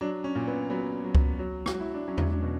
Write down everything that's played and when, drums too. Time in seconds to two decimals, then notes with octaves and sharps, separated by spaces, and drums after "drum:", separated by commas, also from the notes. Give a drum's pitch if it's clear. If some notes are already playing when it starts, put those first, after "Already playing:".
0.01 F#3 D4
0.24 C#4
0.35 A#2
0.48 B3
0.70 F#3 B3
1.04 F#3
1.15 drum: kick C#2
1.39 F#3
1.66 F#4, drum: rim click
1.74 F#3
1.79 E4
1.94 D4
2.08 F#3 C#4
2.18 drum: tom E2
2.31 D4
2.42 B2